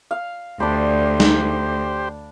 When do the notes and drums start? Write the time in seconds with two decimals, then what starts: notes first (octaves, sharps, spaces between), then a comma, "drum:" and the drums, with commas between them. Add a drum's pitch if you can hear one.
0.11 F5
0.60 D2 D4 G4 C5 D5 B5
1.20 drum: snare